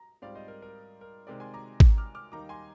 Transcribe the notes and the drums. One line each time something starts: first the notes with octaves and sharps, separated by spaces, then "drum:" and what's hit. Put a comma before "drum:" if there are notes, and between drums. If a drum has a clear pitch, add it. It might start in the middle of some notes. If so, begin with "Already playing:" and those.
Already playing: A#5
G#2 G3 C4 F4 D5 F5
C5 D#5
A#4
A#4
A#4
C3 D#3 G#3 C4 A#4 D5
G#5 C6
A#5 D6
drum: kick G#1
D6 F6
D6 F6
D#2 D#3 G3 A#3 D#4 A#5 D6
G#5 C6